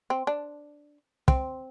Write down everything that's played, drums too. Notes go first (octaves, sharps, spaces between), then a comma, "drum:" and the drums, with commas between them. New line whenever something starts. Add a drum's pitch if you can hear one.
C4
D4
C4, drum: kick